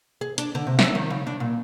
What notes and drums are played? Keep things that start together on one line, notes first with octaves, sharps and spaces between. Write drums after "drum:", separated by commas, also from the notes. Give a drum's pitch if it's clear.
G#4
D4, drum: hi-hat
D3
C3
E5, drum: snare
D#3
C#3
D4
A#2